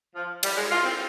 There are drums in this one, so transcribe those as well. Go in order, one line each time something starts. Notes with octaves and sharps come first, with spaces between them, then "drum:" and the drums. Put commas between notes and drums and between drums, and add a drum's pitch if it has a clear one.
F3
G3, drum: cymbal
G#3
F4
C4